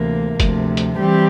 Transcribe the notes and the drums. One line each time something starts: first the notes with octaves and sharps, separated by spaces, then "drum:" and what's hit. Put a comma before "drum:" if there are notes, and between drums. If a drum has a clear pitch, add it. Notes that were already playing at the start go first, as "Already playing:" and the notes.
Already playing: D2 C3 E3 A#3
D2 C3 F3, drum: kick, hi-hat
drum: hi-hat
E3 G3 C4 G4